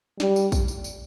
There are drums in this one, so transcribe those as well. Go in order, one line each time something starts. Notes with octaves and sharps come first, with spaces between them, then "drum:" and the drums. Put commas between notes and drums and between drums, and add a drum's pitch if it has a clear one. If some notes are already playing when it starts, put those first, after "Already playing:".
G3, drum: snare
drum: tambourine
drum: kick, tambourine
drum: tambourine
drum: tambourine